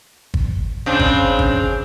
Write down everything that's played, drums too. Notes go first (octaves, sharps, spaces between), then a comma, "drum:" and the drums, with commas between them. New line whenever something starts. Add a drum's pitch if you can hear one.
drum: kick
C#3 C4 D4
drum: kick
drum: kick